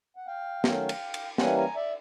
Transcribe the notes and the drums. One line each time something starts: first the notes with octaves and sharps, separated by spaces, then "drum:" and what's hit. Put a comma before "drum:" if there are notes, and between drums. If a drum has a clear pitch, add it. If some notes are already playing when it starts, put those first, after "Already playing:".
F#5
F5 G5
D#3 F#3 A3 C#4, drum: snare
drum: cymbal
drum: cymbal
E3 G3 A#3 C#4 F#5 G#5, drum: snare
G#5 A#5
D5 E5